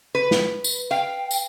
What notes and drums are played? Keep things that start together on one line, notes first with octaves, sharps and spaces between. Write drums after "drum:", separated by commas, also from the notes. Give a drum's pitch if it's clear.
B4
drum: snare
drum: tambourine
F5 G5
drum: tambourine